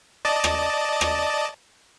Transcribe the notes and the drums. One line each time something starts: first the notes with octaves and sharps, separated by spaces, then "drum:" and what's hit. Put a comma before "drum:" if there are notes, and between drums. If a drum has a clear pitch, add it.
D5 D#5 A5
drum: rim click
drum: rim click